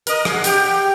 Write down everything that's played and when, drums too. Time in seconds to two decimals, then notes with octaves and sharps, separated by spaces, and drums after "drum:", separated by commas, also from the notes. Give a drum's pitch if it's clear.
0.07 A#4 D#5, drum: hi-hat
0.25 G#4, drum: rim click
0.31 F#5
0.44 G4 G5, drum: hi-hat